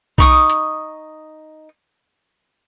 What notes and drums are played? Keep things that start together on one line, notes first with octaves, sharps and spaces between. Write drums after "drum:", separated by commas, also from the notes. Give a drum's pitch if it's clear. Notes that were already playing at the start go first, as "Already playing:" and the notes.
D#4 C#6 D#6, drum: kick B1
drum: hi-hat